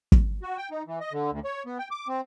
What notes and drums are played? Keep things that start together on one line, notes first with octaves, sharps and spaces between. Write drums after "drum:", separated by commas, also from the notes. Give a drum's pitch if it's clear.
drum: kick
F#4
G5
D#4
E3
D#5
D3
D2
C#5
B3
G5
D6
C4